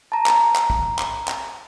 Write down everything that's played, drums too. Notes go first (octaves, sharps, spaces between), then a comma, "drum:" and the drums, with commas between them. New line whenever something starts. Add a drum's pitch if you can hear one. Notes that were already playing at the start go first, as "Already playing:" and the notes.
A5 A#5
drum: clap
drum: clap
drum: kick
drum: clap
drum: clap